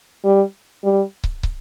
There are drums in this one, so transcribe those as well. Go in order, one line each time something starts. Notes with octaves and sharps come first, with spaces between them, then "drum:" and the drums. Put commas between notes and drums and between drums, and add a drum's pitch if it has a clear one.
G3
G3
drum: kick
drum: kick